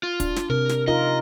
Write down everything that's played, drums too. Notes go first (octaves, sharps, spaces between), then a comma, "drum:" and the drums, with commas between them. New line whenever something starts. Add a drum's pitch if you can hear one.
F4
D4, drum: kick, hi-hat
drum: snare
C3 A#4
drum: snare
D#4 F4 A#4 D#5